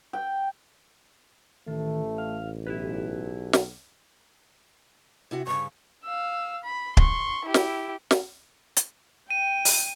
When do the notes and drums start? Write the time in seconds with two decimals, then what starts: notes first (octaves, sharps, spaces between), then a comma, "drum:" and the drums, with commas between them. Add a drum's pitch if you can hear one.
0.13 G5
1.68 A1 D#3 A3
2.18 F5
2.67 B1 E4 G4 B4
3.53 drum: snare
5.31 C3 E4 F#4
5.47 G2 C#3 C#6
6.04 F5 E6
6.64 B5
6.97 C6 C#6, drum: kick
7.45 E4 G4
7.54 drum: snare
8.11 drum: snare
8.77 drum: hi-hat
9.31 G5 D#7
9.65 drum: open hi-hat